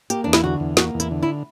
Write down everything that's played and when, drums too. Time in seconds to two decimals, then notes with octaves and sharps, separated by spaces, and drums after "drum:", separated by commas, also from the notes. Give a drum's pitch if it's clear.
0.10 A#3 G4, drum: hi-hat
0.24 E2 D4
0.33 E4, drum: snare
0.43 D3 F#4
0.60 E2
0.77 A#3 F#4, drum: snare
0.94 E2
1.00 E4, drum: hi-hat
1.11 D3
1.23 E4